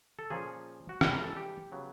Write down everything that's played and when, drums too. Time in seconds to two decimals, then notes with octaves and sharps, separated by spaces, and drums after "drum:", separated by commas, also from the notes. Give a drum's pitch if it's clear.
0.19 A4
0.30 A#2 F3 A#3 C#4 G#4
0.89 F#4
1.01 G2 E3 G#3 G4, drum: rim click
1.13 A#4
1.24 A4
1.37 G4
1.72 C#3 F#3 B3